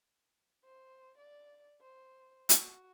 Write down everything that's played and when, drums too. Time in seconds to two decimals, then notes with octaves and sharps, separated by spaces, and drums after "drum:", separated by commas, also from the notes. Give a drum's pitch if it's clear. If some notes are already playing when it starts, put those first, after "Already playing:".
0.64 C5
1.18 D5
1.81 C5
2.49 F#4, drum: hi-hat